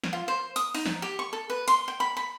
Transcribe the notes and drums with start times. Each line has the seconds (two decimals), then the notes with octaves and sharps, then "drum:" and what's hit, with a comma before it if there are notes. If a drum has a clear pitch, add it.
0.04 drum: snare
0.13 F4
0.28 C5
0.56 D#6, drum: hi-hat
0.74 D#4, drum: open hi-hat
0.86 drum: snare
1.02 G4
1.19 C#6
1.33 A4
1.50 B4
1.68 C6, drum: hi-hat
1.88 G5
2.00 B5
2.17 B5